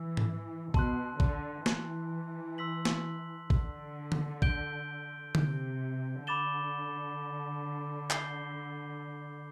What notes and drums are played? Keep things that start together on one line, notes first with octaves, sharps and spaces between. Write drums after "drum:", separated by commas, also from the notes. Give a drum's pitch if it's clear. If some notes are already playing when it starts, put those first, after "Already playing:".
Already playing: E3 E6
drum: tom G#2
B2 A5 C6 F#6, drum: kick A1
D3, drum: kick A1
E3, drum: snare
C6 E6 B6 F#7
drum: snare
D3, drum: kick A1
drum: tom D3
G6 D7 G7, drum: kick A1
C3, drum: tom D3
D3 B5 D6 A6 E7 G7
G6 C7 G7, drum: clap